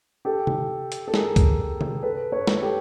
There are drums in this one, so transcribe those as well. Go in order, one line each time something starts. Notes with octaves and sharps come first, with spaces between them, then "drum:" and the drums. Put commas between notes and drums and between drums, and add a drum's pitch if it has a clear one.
G4 A4
drum: tom C3
drum: hi-hat
A4
G#4 A#4, drum: snare
drum: kick C#2, hi-hat
drum: tom C3
A4 B4
B4 C#5
drum: snare
G4 A4